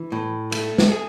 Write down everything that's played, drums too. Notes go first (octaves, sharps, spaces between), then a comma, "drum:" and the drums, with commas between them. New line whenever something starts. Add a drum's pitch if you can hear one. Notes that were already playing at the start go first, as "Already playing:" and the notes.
Already playing: E3
A2
A3, drum: cymbal
drum: snare
G#4